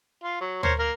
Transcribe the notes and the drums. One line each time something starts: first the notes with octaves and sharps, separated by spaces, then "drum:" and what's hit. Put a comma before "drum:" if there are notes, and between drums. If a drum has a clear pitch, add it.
F4
F#3
A#4 C5 C#5, drum: tom
A#3 A#4